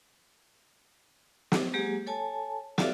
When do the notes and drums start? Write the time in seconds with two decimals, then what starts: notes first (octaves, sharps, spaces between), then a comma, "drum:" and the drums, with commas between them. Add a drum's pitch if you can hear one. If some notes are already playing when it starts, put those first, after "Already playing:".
1.52 drum: snare
1.74 F#3 G#3 A#3 G4 G#4
2.07 A4 C#5 G#5 A5
2.78 F4 F#4 A4 D5 E5 F5, drum: snare